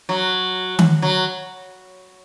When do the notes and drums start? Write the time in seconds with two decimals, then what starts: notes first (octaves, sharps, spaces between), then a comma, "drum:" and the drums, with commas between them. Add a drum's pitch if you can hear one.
0.09 F#3
0.79 drum: tom D#3
1.02 F#3